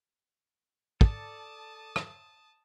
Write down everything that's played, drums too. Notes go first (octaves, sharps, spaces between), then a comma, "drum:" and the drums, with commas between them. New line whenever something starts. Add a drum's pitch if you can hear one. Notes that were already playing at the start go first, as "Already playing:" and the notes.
A4 D5 A5 D#6, drum: kick
drum: rim click